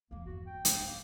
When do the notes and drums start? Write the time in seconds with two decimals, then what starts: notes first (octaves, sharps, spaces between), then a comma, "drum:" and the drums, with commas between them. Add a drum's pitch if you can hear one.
0.11 A#1 E2 A#3
0.26 G1 E2 F#4
0.46 G5
0.65 D1 F4, drum: hi-hat
0.86 A#3